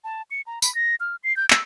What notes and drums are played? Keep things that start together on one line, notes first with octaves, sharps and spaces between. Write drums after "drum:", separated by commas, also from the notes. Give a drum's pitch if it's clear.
A5
C#7
A#5
B5, drum: tambourine
A#6
F6
C7
G6
E6, drum: clap